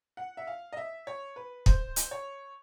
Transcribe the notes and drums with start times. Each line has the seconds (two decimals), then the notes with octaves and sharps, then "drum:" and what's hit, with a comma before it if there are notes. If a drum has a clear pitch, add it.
0.17 F#5
0.37 E5
0.47 F5
0.73 D#5
0.77 E5
1.07 C#5
1.36 B4
1.66 C5, drum: kick
1.96 drum: hi-hat
2.11 C#5